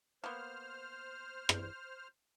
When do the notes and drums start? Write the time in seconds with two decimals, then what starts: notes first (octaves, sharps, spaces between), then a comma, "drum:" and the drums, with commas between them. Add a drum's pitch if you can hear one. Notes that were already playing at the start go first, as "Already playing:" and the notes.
0.24 A#3 B3 C5 F6
1.49 drum: rim click